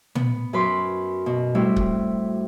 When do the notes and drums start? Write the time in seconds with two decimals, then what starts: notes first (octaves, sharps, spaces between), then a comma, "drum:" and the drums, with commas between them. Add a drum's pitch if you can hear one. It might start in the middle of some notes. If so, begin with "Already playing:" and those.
0.15 B3, drum: tom
0.53 F#2 B4 B5 C6 D6
1.26 B2
1.55 A2 G3 C4 E4 F#4
1.77 drum: kick C#1